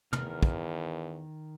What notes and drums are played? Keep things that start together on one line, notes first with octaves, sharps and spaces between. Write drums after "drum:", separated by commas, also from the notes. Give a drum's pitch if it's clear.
E2 D#3 A#4 F6, drum: tom
drum: kick